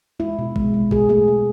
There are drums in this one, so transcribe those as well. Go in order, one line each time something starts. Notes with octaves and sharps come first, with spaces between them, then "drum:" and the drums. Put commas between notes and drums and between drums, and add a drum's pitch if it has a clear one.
G#3 E4
B2
G#3, drum: kick A1
G#3
B2 G#4, drum: kick A1
A3 G#4
A3